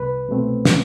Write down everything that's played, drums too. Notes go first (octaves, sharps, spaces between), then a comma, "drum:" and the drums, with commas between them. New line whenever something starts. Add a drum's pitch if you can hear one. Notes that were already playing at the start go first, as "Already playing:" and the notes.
Already playing: C2 B4
B2 A3 C4
drum: snare